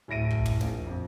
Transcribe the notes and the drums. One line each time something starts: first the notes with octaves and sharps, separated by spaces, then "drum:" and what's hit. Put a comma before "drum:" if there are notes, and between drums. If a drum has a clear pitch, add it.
D1 E4 A5 A#6 D7 D#7
drum: kick
drum: tom
A#1, drum: snare
F2